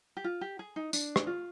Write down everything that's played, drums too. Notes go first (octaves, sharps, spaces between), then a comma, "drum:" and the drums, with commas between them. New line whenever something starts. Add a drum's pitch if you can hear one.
G4
F4
G4
G#4
D#4
D4, drum: tambourine
drum: rim click
F4